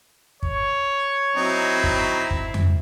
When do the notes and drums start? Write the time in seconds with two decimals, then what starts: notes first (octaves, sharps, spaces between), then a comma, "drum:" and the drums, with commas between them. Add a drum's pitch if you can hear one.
0.43 C#5, drum: kick
1.36 F#3 C4 D#4 E4
1.84 drum: kick
2.31 drum: kick
2.54 drum: tom F2